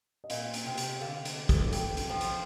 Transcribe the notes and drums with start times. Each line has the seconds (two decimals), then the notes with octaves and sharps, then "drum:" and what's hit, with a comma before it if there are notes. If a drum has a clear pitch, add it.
0.24 D#5
0.30 A#2 F5, drum: hi-hat
0.54 drum: hi-hat
0.66 C3 G5
0.78 drum: hi-hat
1.01 D3 F5
1.25 drum: hi-hat
1.49 drum: kick, hi-hat
1.73 G5, drum: hi-hat
1.97 drum: hi-hat
2.09 F3 G5
2.21 drum: hi-hat